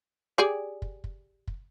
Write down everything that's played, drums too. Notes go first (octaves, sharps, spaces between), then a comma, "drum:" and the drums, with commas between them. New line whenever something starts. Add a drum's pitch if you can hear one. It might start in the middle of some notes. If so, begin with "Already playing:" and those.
G4 G#4 D5
drum: kick
drum: kick
drum: kick